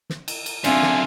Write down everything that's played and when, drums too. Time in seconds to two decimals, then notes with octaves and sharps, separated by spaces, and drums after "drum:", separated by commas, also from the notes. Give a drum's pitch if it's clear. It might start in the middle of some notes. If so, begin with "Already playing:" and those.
0.10 drum: snare
0.28 drum: cymbal
0.46 drum: cymbal
0.64 F#2 D3 C4 D4 F4 E5 G#5, drum: cymbal
0.82 drum: snare